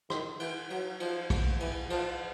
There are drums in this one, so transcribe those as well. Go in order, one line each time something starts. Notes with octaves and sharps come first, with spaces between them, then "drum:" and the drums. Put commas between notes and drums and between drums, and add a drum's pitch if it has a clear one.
D#3, drum: rim click
E3, drum: cymbal
F#3, drum: cymbal
F3, drum: cymbal
drum: kick, cymbal
E3, drum: cymbal
F3, drum: cymbal